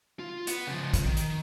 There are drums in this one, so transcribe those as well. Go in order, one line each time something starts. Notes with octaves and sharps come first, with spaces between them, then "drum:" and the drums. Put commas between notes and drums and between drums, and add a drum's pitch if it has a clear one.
F4
B3 F#5, drum: hi-hat
C#3 F3
drum: kick, hi-hat
D#3
drum: hi-hat